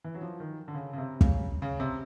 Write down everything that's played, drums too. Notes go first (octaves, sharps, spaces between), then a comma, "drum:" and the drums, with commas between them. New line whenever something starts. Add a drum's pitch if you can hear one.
E3
F#3
F3
D#3
D3
C#3
C#3
C3
C#3, drum: kick
C#3
C3